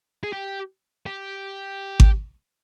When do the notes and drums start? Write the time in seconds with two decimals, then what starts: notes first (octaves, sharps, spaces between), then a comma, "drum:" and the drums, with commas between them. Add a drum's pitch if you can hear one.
0.24 G#4
0.33 G4
1.06 G4
2.00 drum: kick G#1